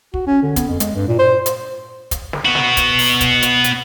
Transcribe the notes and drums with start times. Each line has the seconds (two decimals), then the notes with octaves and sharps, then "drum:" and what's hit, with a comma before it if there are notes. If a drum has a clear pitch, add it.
0.14 F#4, drum: kick
0.27 C#4
0.43 D3
0.56 B3, drum: kick, hi-hat
0.68 F2
0.80 G#3, drum: hi-hat
0.95 G2
1.08 A#2
1.19 C5
1.46 drum: hi-hat
2.11 drum: kick, hi-hat
2.33 drum: snare
2.45 B3 F#4
2.55 drum: snare
2.77 drum: kick, hi-hat
2.99 drum: open hi-hat
3.21 drum: kick, hi-hat
3.42 drum: hi-hat
3.64 drum: hi-hat